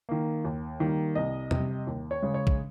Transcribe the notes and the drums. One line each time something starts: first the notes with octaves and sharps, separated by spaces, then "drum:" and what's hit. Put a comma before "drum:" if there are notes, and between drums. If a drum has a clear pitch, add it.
D#3 A#3
D#2
D#3 G3 A#3
C2 D#5
C3 G3, drum: tom E2
D#2
C#5
C#3 G#3
C#5
drum: kick